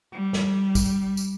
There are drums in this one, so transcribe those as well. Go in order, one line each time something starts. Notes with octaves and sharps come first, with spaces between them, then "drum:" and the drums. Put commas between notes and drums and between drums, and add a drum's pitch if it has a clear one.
G3
drum: snare
drum: kick, tambourine
drum: tambourine